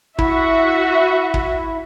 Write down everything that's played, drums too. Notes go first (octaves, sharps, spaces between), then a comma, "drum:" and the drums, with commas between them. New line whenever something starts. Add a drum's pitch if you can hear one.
E4 F#4 E5, drum: kick
drum: kick